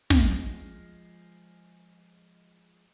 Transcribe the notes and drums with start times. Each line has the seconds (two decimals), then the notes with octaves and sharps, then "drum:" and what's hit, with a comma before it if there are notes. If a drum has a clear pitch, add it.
0.10 F3 G#3, drum: snare